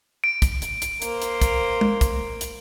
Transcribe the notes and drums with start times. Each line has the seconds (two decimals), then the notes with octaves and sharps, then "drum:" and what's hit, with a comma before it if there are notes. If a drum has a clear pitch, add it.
0.24 D7
0.42 drum: kick, hi-hat
0.62 drum: hi-hat
0.82 drum: hi-hat
1.02 A#3 C5, drum: hi-hat
1.22 drum: hi-hat
1.41 drum: kick, hi-hat
1.81 drum: tom G#3
2.01 drum: kick, hi-hat
2.41 drum: hi-hat